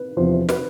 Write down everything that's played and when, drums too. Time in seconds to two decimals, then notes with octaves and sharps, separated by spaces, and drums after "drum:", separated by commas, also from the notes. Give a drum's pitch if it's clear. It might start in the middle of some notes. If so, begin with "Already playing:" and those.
Already playing: B4
0.17 E2 C3 F3 C5
0.33 C5
0.49 B4, drum: snare